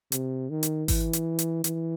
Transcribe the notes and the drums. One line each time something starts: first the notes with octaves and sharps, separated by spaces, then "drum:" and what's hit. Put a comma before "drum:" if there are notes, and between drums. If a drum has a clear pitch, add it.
C3, drum: hi-hat
D#3
drum: hi-hat
E3, drum: kick G#1, open hi-hat
drum: hi-hat
drum: hi-hat
E3, drum: hi-hat